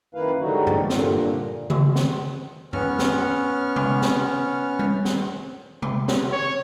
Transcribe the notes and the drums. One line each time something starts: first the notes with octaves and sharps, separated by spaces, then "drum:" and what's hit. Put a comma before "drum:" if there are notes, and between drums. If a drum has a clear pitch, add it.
F#2 D#3 A#3 E4 B4 F5
G#2 D3 F#3 G3 D#4 F#4
drum: tom F#2
G2 A#2 D3, drum: snare
drum: tom C#3
drum: snare
B3 C#4 C#6 F6, drum: tom F#2
drum: snare
drum: tom
drum: snare
drum: tom G3
drum: snare
drum: tom
drum: snare
C#5